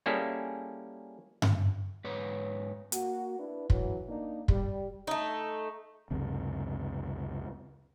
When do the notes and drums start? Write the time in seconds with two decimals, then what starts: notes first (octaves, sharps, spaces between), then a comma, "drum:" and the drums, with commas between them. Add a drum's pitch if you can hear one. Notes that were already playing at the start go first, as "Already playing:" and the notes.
0.06 G3 A#3 C#4 E4 G#4 A4
1.42 drum: tom G2
2.04 G#2 B4 C#5
2.92 A#3 F#4, drum: hi-hat
3.39 D4 E4 B4
3.70 E3 F#3, drum: kick
4.08 A#3 D4 D#4
4.48 G3, drum: kick
5.07 A3 D#4
6.11 C#2 F#2 C3